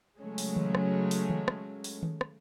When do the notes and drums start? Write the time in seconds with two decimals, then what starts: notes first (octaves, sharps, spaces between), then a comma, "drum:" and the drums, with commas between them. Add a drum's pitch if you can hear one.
0.20 C#3 F#3 G#3 A3 C#4
0.38 drum: open hi-hat
0.56 drum: tom D#3
0.75 drum: rim click
1.11 drum: open hi-hat
1.29 drum: tom D#3
1.48 drum: rim click
1.84 drum: open hi-hat
2.03 drum: tom D#3
2.21 drum: rim click